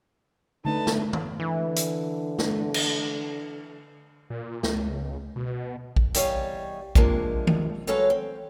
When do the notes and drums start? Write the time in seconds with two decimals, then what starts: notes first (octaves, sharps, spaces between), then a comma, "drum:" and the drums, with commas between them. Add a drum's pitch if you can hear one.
0.65 D3 A3 D4 D#4 B4 A5
0.87 drum: snare
1.13 drum: tom D#3
1.40 D3 E3
1.76 drum: hi-hat
2.39 drum: snare
2.74 drum: cymbal
4.30 A#2
4.63 C#2, drum: snare
5.36 B2
5.96 drum: kick A#1
6.14 E2 C3 G3 C#5 D#5 F5, drum: hi-hat
6.95 C3 F3 G#3 A#3 D4, drum: kick A#1
7.47 drum: tom
7.87 F#3 G#3 A4 B4 C#5 F5
8.10 C4